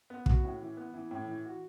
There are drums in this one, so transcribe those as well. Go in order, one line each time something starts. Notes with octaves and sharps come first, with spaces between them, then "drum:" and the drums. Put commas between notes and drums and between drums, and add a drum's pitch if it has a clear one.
B3
F#4, drum: kick
A2
E3
B3
E3
A2
E3
F#4